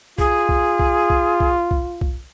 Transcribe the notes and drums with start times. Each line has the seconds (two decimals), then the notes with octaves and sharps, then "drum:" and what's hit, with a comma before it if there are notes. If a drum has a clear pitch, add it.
0.18 F4 G#4, drum: kick B1
0.49 drum: kick B1
0.79 drum: kick B1
1.10 drum: kick B1
1.40 drum: kick B1
1.71 drum: kick B1
2.01 drum: kick B1